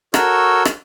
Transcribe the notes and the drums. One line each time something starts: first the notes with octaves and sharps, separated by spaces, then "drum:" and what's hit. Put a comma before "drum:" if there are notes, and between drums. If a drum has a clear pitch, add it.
F#4 A4 A#4 C#5 E6, drum: rim click
drum: rim click